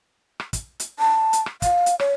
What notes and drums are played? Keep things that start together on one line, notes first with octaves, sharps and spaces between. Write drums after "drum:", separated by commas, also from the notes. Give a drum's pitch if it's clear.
drum: rim click
drum: kick, hi-hat
drum: hi-hat
A5
drum: hi-hat
drum: rim click
F5, drum: kick, hi-hat
drum: hi-hat
C#5, drum: rim click